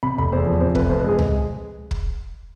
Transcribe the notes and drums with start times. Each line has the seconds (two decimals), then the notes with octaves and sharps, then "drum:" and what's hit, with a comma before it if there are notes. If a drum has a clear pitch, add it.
0.03 C3 B5
0.18 F1 B5
0.32 E2 C5
0.46 F3
0.60 C3 C5
0.75 F1 B4, drum: kick
0.89 F2 C5
1.00 B4
1.04 G#3 G#4
1.19 G#3, drum: tom C#2
1.91 drum: kick